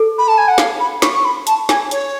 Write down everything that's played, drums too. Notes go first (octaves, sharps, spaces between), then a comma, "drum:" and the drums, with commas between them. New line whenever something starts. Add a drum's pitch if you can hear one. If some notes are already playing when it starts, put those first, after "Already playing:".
Already playing: A4
B5
A5
G#5
F#5
F5, drum: snare
B5
C#6, drum: snare
C#6
B5
A5, drum: hi-hat
G#5, drum: snare
C#5, drum: hi-hat